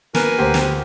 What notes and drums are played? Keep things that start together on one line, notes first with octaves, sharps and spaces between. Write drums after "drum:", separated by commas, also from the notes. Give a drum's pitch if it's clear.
A#3 A#4 B4 G#5, drum: snare
D2 G4 C5
drum: snare